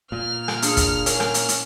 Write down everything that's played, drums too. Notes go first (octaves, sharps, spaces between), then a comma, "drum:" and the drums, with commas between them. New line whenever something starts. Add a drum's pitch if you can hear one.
A#2 F6
drum: rim click
A#3 D4 G#4, drum: hi-hat
drum: kick, hi-hat
C#4 A#4, drum: hi-hat
drum: rim click
drum: hi-hat
drum: hi-hat